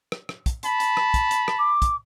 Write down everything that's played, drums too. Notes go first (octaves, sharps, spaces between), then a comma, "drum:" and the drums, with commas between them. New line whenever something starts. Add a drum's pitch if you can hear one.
drum: rim click
drum: rim click
drum: kick, hi-hat
A5 B5, drum: hi-hat
drum: hi-hat
drum: rim click
drum: kick, hi-hat
drum: hi-hat
drum: rim click
D6
drum: kick, hi-hat